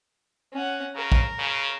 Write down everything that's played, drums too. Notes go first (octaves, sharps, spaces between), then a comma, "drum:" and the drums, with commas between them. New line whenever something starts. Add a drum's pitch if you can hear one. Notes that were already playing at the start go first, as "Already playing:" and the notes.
C#4 F#5
C#3 A#4
drum: kick
C#3